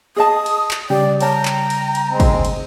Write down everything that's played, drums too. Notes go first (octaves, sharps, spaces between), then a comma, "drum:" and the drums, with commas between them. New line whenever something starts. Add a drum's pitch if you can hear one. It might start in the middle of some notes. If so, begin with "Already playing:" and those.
G#4 D#5 A5 D#6
drum: cymbal
drum: clap
C#3 G3 G4 D5
C#5 G5 A5 A#5, drum: cymbal
drum: clap
drum: cymbal
drum: cymbal
G#3 C4
drum: kick, cymbal
drum: cymbal